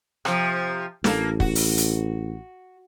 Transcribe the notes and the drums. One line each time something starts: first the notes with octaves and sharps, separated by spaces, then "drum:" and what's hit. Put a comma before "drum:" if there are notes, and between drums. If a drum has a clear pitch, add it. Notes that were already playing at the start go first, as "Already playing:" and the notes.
C3 F3, drum: rim click
A1 A#3 A4, drum: snare
F#4, drum: kick
drum: open hi-hat
drum: hi-hat